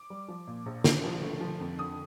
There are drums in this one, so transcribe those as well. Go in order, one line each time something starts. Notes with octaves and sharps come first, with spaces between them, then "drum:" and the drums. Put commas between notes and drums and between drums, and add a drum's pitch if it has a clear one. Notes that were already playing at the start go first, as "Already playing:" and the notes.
Already playing: D6
G3
F3
A#2
A#1
A#1, drum: snare
F3
A3
F3
F2
D3 D#6